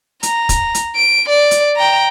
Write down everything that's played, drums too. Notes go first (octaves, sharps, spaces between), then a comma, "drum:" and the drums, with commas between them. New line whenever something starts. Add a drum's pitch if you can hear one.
A#5, drum: hi-hat
drum: kick, hi-hat
drum: hi-hat
D7
D5
drum: hi-hat
G5 A#5